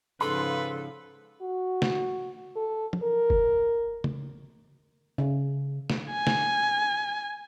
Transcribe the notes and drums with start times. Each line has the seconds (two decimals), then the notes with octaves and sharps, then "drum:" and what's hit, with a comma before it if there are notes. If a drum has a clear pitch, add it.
0.21 G#2 C#3 F3 A4 B4 C6
1.41 F#4
1.82 drum: snare
2.56 A4
2.93 drum: tom F3
3.03 A#4
3.30 drum: kick
4.04 drum: tom C#3
5.18 C#3
5.90 drum: snare
6.12 G#5
6.27 drum: snare